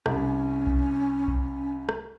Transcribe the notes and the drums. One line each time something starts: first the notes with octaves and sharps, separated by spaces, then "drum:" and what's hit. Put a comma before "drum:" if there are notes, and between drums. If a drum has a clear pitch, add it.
C2 C#4, drum: rim click
drum: kick B1
drum: kick B1
drum: rim click